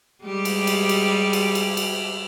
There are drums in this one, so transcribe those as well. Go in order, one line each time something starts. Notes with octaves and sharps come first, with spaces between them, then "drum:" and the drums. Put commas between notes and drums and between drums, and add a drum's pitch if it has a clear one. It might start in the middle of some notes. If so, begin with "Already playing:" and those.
G3 G#3 G4
drum: cymbal
drum: cymbal
drum: cymbal
drum: cymbal
drum: cymbal
drum: cymbal